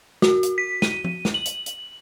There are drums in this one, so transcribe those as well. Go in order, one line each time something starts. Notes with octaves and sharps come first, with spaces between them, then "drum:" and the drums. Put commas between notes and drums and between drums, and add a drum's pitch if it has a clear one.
F#4, drum: snare
drum: hi-hat
B6
D#7, drum: snare
drum: tom F3
drum: snare
F#7
drum: hi-hat
drum: hi-hat